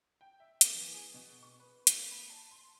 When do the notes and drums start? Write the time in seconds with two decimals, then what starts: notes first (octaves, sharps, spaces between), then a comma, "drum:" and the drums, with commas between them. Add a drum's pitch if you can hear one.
0.21 G5
0.40 E5
0.61 A#3, drum: hi-hat
0.74 E3
0.94 G#4
1.14 B2
1.43 C#6
1.60 B4
1.87 A#3, drum: hi-hat
2.11 B5
2.30 A5
2.51 C6